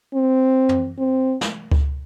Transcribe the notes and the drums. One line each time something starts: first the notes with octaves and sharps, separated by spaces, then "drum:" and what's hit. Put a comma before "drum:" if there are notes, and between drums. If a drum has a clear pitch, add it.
C4
drum: tom
C4
drum: snare
drum: kick C#2